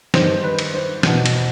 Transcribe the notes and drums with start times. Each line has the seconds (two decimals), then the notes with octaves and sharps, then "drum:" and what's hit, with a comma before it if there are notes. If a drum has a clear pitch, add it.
0.14 G2 D#3 C5, drum: snare
0.43 B4
0.59 drum: cymbal
0.74 C5
1.03 E2 B2, drum: snare
1.26 drum: cymbal